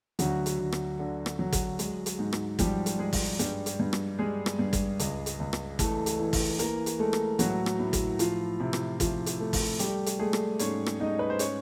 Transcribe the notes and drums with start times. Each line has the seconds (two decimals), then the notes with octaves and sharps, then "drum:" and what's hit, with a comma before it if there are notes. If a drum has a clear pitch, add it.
0.19 D2 F#3 F#4, drum: hi-hat
0.46 drum: hi-hat
0.59 D2
0.72 drum: rim click
0.99 D3
1.26 drum: rim click
1.39 F#3
1.53 drum: kick, hi-hat
1.79 G#3, drum: hi-hat
2.06 drum: hi-hat
2.19 G#2
2.33 drum: rim click
2.59 F3 G3 G4, drum: kick, hi-hat
2.86 drum: hi-hat
2.99 G#3 G#4
3.13 drum: kick, open hi-hat
3.39 G2 G3 G4, drum: hi-hat
3.66 drum: hi-hat
3.80 G2
3.93 drum: rim click
4.19 G3 G#3 G#4
4.46 drum: rim click
4.59 G2
4.73 drum: kick, hi-hat
4.99 C#2, drum: hi-hat
5.26 drum: hi-hat
5.40 C#2
5.53 drum: rim click
5.79 E3 A3 A4, drum: kick, hi-hat
6.06 drum: hi-hat
6.20 E3
6.33 drum: kick, open hi-hat
6.59 E3 A#3 A#4, drum: hi-hat
6.86 drum: hi-hat
6.99 G#3 A3 A4
7.13 drum: rim click
7.39 A2 F#3 F#4, drum: hi-hat
7.66 drum: rim click
7.79 A2
7.93 drum: kick, hi-hat
8.19 F3 F4, drum: hi-hat
8.60 C3 E4
8.73 drum: rim click
9.00 F3 F4, drum: kick, hi-hat
9.26 drum: hi-hat
9.40 A3
9.53 drum: kick, open hi-hat
9.79 G3 A3 G4, drum: hi-hat
10.06 drum: hi-hat
10.19 G#3 A3 G#4
10.33 drum: rim click
10.59 G#2 C#4 C#5, drum: hi-hat
10.86 drum: rim click
11.00 G#2 D#4 D#5
11.19 B4
11.30 C5
11.39 C#4 C#5, drum: hi-hat